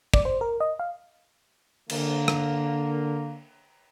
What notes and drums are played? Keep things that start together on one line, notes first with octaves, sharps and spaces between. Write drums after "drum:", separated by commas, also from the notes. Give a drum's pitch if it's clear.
D5, drum: kick
C5
A#4
D#5
F5
D3 A#3, drum: cymbal
drum: rim click